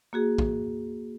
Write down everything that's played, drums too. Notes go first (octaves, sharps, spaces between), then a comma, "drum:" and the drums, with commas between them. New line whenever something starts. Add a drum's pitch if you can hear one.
A#3 F#4 G#4
drum: kick